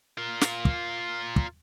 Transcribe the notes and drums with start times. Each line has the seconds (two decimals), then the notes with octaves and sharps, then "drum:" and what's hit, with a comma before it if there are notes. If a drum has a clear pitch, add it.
0.18 F4 A#4
0.41 drum: snare
0.65 drum: kick
1.36 drum: kick